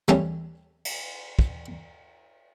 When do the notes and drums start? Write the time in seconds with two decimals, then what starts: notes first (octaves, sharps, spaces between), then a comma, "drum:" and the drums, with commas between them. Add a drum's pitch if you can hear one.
0.08 G3 A3 C4 C#4, drum: tom
0.85 drum: cymbal
1.39 drum: kick